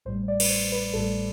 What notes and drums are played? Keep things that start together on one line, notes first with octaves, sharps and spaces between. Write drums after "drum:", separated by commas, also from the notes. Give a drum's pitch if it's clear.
A1 A2 G3 C5
D5
B4, drum: cymbal
C5
B4
A1 A2 G3 A4